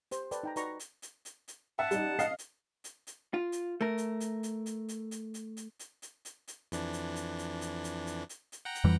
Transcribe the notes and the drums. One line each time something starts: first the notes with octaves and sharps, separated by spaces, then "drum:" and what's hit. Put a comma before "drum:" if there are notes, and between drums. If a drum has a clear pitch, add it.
G4 C5, drum: hi-hat
A4 B4 D5 G5, drum: hi-hat
D#4 G5 A#5
D#4 F#4 B4 D5 A#5 C#6, drum: hi-hat
drum: hi-hat
drum: hi-hat
drum: hi-hat
drum: hi-hat
E5 F#5 A5
G3 D#4, drum: hi-hat
D#5 F5 C7, drum: hi-hat
drum: hi-hat
drum: hi-hat
drum: hi-hat
F4
drum: hi-hat
A3 A#4
drum: hi-hat
drum: hi-hat
drum: hi-hat
drum: hi-hat
drum: hi-hat
drum: hi-hat
drum: hi-hat
drum: hi-hat
drum: hi-hat
drum: hi-hat
drum: hi-hat
drum: hi-hat
F2 E3 D4, drum: hi-hat
drum: hi-hat
drum: hi-hat
drum: hi-hat
drum: hi-hat
drum: hi-hat
drum: hi-hat
drum: hi-hat
drum: hi-hat
F#5 G5 A#5
drum: hi-hat
F2 E3 G3